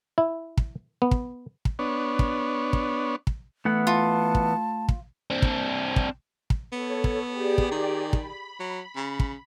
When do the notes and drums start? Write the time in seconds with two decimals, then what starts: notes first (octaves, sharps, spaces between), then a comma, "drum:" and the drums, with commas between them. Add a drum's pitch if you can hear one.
0.18 E4
0.58 drum: kick
1.02 B3
1.11 drum: kick
1.65 drum: kick
1.79 B3 D4 C#5
2.19 drum: kick
2.73 drum: kick
3.27 drum: kick
3.65 E3 A3 B3 F#5
3.87 F4 A5
4.35 drum: kick
4.89 drum: kick
5.30 C4 D4
5.42 drum: kick
5.96 drum: kick
6.50 drum: kick
6.72 B3 A4 C#5
7.04 drum: kick
7.31 G4 G#4 D5
7.58 drum: kick
7.71 D#3
8.13 B5, drum: kick
8.60 F#3
8.96 C#3
9.20 drum: kick